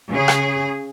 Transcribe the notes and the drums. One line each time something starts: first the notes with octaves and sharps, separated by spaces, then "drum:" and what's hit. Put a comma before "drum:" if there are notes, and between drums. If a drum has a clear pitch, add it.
C#3 G#4
drum: rim click